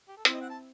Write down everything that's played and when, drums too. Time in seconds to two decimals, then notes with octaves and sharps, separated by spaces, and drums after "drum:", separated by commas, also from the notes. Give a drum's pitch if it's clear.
0.09 G4
0.17 A4
0.25 C4 E4 C5, drum: hi-hat
0.33 D#5
0.42 F#5
0.50 A5